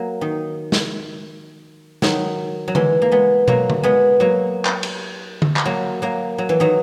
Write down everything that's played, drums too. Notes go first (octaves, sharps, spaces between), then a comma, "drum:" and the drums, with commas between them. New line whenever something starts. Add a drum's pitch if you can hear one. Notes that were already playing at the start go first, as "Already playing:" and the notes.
Already playing: F#3 A#3
D#3
drum: snare
D#3 F#3, drum: snare
F#3
E3 G#3, drum: tom D3
A#3
G#3 B3
F#3 A#3, drum: tom
drum: tom D3
G#3 B3
F#3 A#3
drum: clap
drum: cymbal
drum: tom D3
drum: clap
F#3 A#3
F#3 A#3
F#3
E3
D#3 F#3